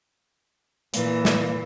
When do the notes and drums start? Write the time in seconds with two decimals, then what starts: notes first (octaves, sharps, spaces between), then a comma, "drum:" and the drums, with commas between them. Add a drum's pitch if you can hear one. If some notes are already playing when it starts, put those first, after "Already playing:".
0.94 A#2 E3, drum: hi-hat
1.25 drum: snare